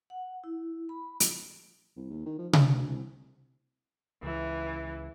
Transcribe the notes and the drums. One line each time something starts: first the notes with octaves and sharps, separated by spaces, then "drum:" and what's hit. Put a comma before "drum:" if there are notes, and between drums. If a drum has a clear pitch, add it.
F#5
E4
B5
drum: hi-hat
C2
D#2
D#3
F3
D2, drum: tom C3
D2
C2
C#2 E3